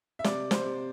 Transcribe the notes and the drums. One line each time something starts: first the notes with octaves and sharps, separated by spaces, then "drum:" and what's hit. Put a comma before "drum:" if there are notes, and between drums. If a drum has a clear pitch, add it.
E5
C3 D5, drum: snare
C5, drum: snare
C3